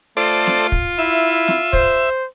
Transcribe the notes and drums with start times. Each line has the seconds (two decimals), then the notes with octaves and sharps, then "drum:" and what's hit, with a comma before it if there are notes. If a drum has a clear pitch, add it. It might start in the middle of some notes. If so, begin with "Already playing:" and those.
0.17 A3 F4 A4 C5 D5
0.47 drum: snare
0.72 drum: kick
0.98 E4 E5
1.48 drum: snare
1.73 C5, drum: kick